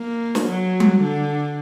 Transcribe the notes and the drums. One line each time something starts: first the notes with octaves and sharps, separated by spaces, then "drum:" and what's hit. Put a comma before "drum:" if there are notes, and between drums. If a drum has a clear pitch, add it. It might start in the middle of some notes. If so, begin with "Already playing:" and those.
Already playing: A#3
drum: snare
F#3
drum: tom G3
D3